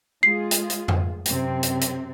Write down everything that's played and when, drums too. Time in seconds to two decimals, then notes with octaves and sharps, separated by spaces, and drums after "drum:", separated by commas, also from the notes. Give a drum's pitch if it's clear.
0.23 G#3 F4 G#4 C7
0.51 drum: hi-hat
0.70 drum: hi-hat
0.88 drum: tom F2
1.26 F#2 C3 C4, drum: hi-hat
1.63 drum: hi-hat
1.81 drum: hi-hat